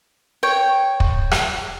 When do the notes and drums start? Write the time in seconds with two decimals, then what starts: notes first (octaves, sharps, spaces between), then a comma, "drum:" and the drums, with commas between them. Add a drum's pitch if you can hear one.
0.43 C#5 G5
1.00 drum: kick
1.31 drum: rim click